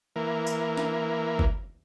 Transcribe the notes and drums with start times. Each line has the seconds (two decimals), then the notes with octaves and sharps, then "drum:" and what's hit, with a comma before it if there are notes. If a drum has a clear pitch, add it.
0.16 E3 A#3
0.47 drum: tambourine
0.77 drum: snare
1.39 drum: kick